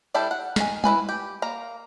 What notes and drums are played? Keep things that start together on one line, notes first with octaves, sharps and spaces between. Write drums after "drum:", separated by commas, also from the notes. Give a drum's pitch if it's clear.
G3 D4 E4 A4 G5
F#5
D#3 G#5, drum: snare
E4 F#4 B4 G#5, drum: tom G3
G4
A#3 A#5